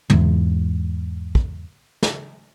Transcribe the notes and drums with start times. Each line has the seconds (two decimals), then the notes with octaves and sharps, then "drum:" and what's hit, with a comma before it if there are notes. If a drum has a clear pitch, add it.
0.10 E2 G#2, drum: tom
1.35 drum: kick
2.03 drum: snare